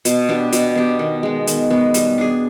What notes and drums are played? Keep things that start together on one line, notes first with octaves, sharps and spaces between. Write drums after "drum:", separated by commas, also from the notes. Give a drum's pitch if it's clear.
B2, drum: hi-hat
B3 D4 G4
B2, drum: hi-hat
B3 D4 G4
D#3
G#3 B3
D#3, drum: hi-hat
G#3 B3
G3, drum: hi-hat
D4 G#4